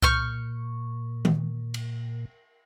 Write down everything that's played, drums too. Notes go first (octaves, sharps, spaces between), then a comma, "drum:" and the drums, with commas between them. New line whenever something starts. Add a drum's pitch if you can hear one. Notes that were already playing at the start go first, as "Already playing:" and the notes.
A#2 C#6 F6 G6, drum: kick C2
drum: tom D#3
drum: cymbal